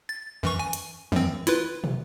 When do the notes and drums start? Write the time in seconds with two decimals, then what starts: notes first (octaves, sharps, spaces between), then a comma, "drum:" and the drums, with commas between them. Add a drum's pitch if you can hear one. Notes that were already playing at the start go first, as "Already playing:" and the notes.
0.09 A6
0.43 F#2 E3 C#6
0.59 G#5
0.73 drum: hi-hat
1.12 F#2 C4, drum: tom D#3
1.47 E4 F4 B4, drum: hi-hat
1.84 drum: tom